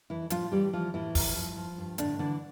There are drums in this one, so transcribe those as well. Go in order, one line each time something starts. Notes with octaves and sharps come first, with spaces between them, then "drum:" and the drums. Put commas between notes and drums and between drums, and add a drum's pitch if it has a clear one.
F2 E3 E4
A2 F3 F4, drum: hi-hat
E3 G3 G4
E3 F3 F4
A2 E3 E4
G2, drum: kick, open hi-hat
F3
F3
G2
A2 D3 D4, drum: hi-hat
D3 E3 D4